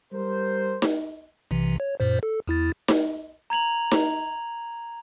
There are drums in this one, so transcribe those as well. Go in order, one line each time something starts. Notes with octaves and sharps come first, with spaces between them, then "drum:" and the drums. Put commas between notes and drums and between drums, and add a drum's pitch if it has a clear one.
G3 A#4 C5
drum: snare D#4
B1 C3 E3
C#5
F#2 A#2 C5
A4
E2 E4 A6
drum: snare D#4
A#5 G#6 F7 F#7
drum: snare D#4